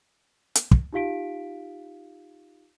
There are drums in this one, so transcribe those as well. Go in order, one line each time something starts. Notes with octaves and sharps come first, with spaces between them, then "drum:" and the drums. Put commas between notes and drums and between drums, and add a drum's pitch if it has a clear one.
drum: hi-hat
drum: kick
D#4 F4 G4 F5 B6 D7